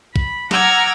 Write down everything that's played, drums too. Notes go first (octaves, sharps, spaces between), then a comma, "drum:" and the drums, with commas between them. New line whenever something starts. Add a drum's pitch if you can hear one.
B5, drum: kick
F#5 A#5 D6 E6 F6 G#6, drum: snare